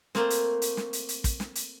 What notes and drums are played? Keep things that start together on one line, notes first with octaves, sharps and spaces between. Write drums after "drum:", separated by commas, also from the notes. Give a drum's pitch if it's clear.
A3 A#3 C4, drum: snare
drum: hi-hat
drum: hi-hat
drum: snare
drum: hi-hat
drum: hi-hat
drum: kick, hi-hat
drum: snare
drum: hi-hat